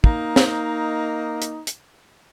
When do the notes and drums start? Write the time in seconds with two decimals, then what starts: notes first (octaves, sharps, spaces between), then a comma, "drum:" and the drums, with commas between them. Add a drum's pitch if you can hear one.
0.04 A#3 D#4, drum: kick
0.36 drum: snare
1.42 drum: hi-hat
1.67 drum: hi-hat